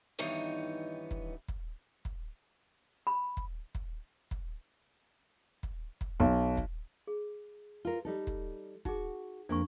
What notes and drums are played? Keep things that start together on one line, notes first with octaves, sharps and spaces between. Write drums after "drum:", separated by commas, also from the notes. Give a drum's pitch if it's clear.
G2 D#3 E3 B3 D#4 C#5
drum: kick
drum: kick
drum: kick
B5
drum: kick
drum: kick
drum: kick
drum: kick
drum: kick
B1
drum: kick
G#4
F4 A#4
G3 D#4 A4
drum: kick
D#4 F#4 G#4, drum: kick
F2 A#3 D4 C#6